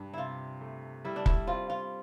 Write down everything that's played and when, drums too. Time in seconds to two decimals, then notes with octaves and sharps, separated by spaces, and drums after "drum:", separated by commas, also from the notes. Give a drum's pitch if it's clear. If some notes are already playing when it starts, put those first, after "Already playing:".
Already playing: G2 D4
0.13 C3 E4 F4
0.61 A3
1.04 G3 E4
1.16 D4
1.26 E4, drum: kick
1.47 C4 F4
1.70 F4